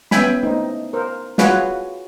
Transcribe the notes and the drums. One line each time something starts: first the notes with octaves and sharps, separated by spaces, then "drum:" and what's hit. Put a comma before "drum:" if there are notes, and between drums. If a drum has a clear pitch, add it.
B3 C#4 E5 G5 G#5 B5, drum: snare
A3 C4 D#4
A#4 C5
F4 F#4 G#4 B4 C#5 F#5, drum: snare